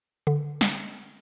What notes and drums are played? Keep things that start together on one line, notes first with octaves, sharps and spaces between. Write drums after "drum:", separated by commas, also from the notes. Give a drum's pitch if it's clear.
D3
drum: snare